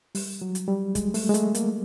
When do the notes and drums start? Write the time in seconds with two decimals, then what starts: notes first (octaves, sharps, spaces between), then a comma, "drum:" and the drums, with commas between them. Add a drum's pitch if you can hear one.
0.15 G3, drum: open hi-hat
0.42 F#3
0.55 drum: hi-hat
0.68 G3
0.95 G#3, drum: kick, hi-hat
1.14 A3, drum: open hi-hat
1.29 G#3
1.34 A3, drum: hi-hat
1.55 A#3, drum: hi-hat